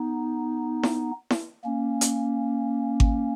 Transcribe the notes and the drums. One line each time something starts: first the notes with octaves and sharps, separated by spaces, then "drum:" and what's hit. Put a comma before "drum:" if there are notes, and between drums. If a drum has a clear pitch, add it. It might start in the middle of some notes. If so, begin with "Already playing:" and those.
Already playing: B3 D#4
drum: snare E4
drum: snare E4
A#3 C#4
drum: hi-hat
drum: kick G#1